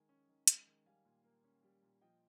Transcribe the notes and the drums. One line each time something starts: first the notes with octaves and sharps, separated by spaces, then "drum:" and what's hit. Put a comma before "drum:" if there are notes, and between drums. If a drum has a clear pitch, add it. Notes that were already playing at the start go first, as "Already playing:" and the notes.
Already playing: D#3 G#3 G#5
C#4
D#3
G#3, drum: hi-hat
D#3
G3 F5 G#5
A#2
A#3
C#4
G3
A#2
F3 D#5 G5